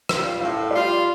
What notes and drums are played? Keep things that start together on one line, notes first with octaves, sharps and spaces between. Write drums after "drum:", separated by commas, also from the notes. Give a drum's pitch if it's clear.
G3 F4, drum: rim click
A2 F5
F5
G3 F4 D5